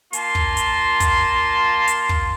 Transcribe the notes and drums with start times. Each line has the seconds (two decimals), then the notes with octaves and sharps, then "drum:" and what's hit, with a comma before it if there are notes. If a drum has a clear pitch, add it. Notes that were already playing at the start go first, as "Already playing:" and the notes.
0.13 A#3 F4 A5 C6, drum: hi-hat
0.35 drum: kick
0.57 drum: hi-hat
1.00 drum: kick, hi-hat
1.87 drum: hi-hat
2.09 drum: kick